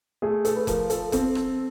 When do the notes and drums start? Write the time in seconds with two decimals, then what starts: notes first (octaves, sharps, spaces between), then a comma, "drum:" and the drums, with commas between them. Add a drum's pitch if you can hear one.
0.22 A3 G#4
0.45 A4, drum: hi-hat
0.56 B4
0.67 F3 A#4, drum: kick F1, hi-hat
0.90 A4, drum: hi-hat
1.12 C4 A4, drum: kick F1, hi-hat
1.35 drum: rim click